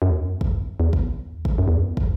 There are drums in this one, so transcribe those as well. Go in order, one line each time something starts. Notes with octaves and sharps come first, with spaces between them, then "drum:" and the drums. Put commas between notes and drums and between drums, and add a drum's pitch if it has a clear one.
F#2
E2
F#2
drum: kick
E2
drum: kick
drum: kick
F#2
E2
F#2
drum: kick